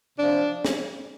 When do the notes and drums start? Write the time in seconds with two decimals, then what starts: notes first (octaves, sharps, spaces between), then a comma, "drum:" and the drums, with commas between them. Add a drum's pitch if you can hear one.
0.19 C3 F3 D4
0.65 drum: snare